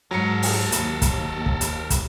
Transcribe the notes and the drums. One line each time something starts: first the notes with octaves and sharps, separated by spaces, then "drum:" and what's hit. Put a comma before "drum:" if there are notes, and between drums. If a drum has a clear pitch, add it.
G#2 F#3 A4 A#4 A#5 C#7
drum: open hi-hat
D#2, drum: hi-hat
drum: kick, hi-hat
drum: kick
drum: hi-hat
drum: kick, hi-hat